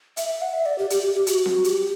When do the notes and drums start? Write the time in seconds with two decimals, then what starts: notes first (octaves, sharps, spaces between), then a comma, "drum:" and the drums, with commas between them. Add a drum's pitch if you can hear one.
0.17 E5, drum: hi-hat
0.29 E5
0.42 F#5
0.54 E5
0.66 D5
0.78 G4
0.90 G4, drum: hi-hat
1.03 G4
1.15 G4
1.27 F#4, drum: hi-hat
1.46 drum: snare C4
1.64 G4, drum: hi-hat